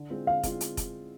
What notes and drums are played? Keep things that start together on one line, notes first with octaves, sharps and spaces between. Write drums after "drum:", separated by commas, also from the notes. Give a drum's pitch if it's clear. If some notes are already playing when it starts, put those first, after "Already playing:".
Already playing: D3
G#3 C4 F4
D3 F5
G#3 C4 F4, drum: kick F1, hi-hat
drum: hi-hat
drum: kick F1, hi-hat